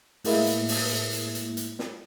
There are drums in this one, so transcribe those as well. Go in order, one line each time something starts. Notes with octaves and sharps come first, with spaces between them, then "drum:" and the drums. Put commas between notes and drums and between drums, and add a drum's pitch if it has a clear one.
A2 G#3 A#3 E4, drum: open hi-hat
drum: hi-hat
drum: open hi-hat
drum: hi-hat
drum: hi-hat
drum: hi-hat
drum: snare